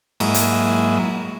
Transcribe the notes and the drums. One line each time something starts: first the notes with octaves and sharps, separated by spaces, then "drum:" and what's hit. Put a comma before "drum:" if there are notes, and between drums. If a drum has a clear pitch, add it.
G#2 F#3 G#3 A#3 E4, drum: cymbal
drum: hi-hat